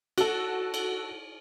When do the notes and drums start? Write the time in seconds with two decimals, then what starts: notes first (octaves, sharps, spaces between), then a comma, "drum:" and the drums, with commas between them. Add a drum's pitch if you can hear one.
0.18 F#4 A4, drum: cymbal
0.74 drum: cymbal